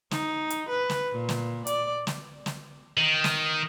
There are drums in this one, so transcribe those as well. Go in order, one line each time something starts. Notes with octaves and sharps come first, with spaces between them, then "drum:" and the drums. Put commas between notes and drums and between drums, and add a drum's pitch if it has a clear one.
D#4, drum: snare
drum: hi-hat
B4
drum: snare
A#2
drum: snare
D5, drum: hi-hat
drum: snare
drum: snare
D#3
drum: snare